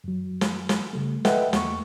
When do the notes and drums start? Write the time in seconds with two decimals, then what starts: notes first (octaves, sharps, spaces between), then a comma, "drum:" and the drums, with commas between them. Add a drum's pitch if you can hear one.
0.04 F#2 F#3
0.41 drum: snare
0.69 drum: snare
0.93 C#3 G3 A3
1.25 A4 B4 D#5 E5 F#5 G5, drum: snare
1.53 E2 A3 A#3 C#6, drum: snare